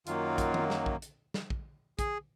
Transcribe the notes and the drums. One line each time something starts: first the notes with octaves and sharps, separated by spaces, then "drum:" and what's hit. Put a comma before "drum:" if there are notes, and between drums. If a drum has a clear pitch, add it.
F#2 D#3 F#3 A#3 F4, drum: hi-hat
drum: kick, hi-hat
drum: tom D#3
drum: snare
drum: kick
drum: hi-hat
drum: snare
drum: kick
G#4, drum: kick, hi-hat